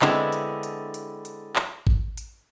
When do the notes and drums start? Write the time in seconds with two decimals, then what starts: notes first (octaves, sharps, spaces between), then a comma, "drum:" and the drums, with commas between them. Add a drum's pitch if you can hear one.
0.02 D3 G#3 B3 C4 E4, drum: clap
0.32 drum: hi-hat
0.63 drum: hi-hat
0.94 drum: hi-hat
1.25 drum: hi-hat
1.56 drum: clap
1.87 drum: kick G#1
2.17 drum: hi-hat